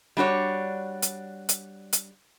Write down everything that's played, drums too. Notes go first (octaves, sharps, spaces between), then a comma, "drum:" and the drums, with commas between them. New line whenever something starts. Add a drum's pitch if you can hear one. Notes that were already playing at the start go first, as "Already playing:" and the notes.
G3 D4 F#4 C#5
drum: hi-hat
drum: hi-hat
drum: hi-hat